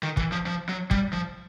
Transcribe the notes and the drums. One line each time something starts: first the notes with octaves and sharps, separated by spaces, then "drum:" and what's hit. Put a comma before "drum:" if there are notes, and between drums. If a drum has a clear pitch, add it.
D#3
E3, drum: kick
F3
F3
F#3
G3, drum: kick
F3